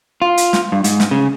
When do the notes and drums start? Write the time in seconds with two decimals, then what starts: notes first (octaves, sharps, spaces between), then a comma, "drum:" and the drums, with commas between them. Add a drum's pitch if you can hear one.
0.22 F4
0.37 drum: hi-hat
0.53 drum: snare
0.72 G2
0.84 G#2, drum: hi-hat
1.00 drum: snare
1.11 C#3